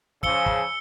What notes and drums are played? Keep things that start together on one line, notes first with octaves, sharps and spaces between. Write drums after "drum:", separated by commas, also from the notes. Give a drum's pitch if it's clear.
C#3 F3 E6 C#7 G7, drum: kick
drum: kick